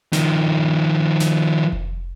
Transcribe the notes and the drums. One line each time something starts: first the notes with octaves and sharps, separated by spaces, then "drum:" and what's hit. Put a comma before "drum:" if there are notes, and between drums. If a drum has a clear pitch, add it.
D#3 F3, drum: snare
drum: snare
drum: kick F1